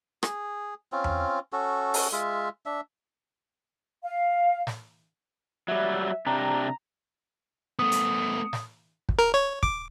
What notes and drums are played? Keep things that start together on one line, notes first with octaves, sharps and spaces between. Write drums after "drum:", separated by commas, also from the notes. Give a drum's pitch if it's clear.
G#4, drum: rim click
C4 C#4 F4
drum: tom E2
C#4 F#4 A4
drum: open hi-hat
G#3 F4 E5
D4 E5
F5
drum: snare
F#3 G3 E5
C3 D4 G4 A#5
A3 B3 D#6
drum: hi-hat
drum: snare
drum: kick
A#4
C#5
D6, drum: kick